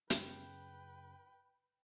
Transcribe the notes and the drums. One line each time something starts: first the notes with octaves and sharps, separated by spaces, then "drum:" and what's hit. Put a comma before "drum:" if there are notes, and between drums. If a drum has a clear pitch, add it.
F#2 C#3 B4 G5, drum: hi-hat